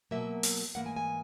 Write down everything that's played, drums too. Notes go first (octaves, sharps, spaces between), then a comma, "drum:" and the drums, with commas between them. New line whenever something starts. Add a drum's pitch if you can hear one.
B2 F#3 A#3 E5
drum: open hi-hat
G#2 E3 A#3 F#5
G#5
G#5